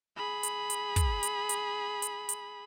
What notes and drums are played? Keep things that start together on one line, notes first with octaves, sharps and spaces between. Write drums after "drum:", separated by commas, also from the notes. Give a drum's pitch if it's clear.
G#4 B5
drum: hi-hat
drum: hi-hat
drum: kick, hi-hat
drum: hi-hat
drum: hi-hat
drum: hi-hat
drum: hi-hat